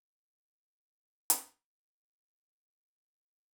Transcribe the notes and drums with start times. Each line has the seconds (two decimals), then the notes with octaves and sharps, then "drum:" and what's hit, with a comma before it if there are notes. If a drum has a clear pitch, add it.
0.08 C4 A#4 C#5 D6 E6 C#7
0.42 A#2
0.77 C5 C#5 D#5 G5 A#5 B5
1.30 drum: hi-hat
1.86 D1 D3 F#3